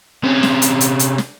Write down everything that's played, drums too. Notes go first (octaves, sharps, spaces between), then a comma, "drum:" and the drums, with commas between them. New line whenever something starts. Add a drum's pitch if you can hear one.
C3 C#4
drum: snare
drum: hi-hat
drum: hi-hat
drum: hi-hat
drum: snare